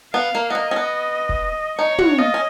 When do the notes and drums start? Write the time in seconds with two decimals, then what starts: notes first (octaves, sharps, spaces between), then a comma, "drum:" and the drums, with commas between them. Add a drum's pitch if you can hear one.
0.14 B3 F5
0.35 A#3
0.50 B3
0.54 A#3 D#5
0.71 C#4
0.76 B3
1.29 drum: kick F1
1.79 D#4 C#5
1.99 F#4, drum: tom
2.18 F4 D#5
2.34 C#4